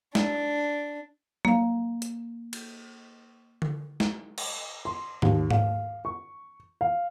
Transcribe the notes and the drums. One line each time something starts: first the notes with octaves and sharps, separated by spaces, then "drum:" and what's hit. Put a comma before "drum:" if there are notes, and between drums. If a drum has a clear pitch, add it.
D4, drum: snare
A#3 F5, drum: tom F#3
drum: hi-hat
drum: cymbal
drum: tom D3
drum: snare
drum: cymbal
C6
D#2, drum: tom G#2
F5, drum: tom G#2
C#6
F5